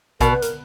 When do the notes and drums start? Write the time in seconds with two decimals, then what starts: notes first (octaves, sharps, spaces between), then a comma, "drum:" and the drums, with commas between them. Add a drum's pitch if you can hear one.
0.20 B2 A#4, drum: kick A#1, hi-hat
0.31 B4
0.42 A#4, drum: hi-hat